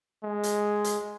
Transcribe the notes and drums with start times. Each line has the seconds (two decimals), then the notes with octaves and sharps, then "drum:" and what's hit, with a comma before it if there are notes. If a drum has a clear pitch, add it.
0.24 G#3
0.43 drum: hi-hat
0.84 drum: hi-hat